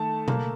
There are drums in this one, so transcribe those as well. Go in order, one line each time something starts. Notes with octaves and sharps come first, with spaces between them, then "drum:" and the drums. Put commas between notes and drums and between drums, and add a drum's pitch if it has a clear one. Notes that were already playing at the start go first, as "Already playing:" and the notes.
Already playing: D#3 A3 A5
A#3, drum: tom B2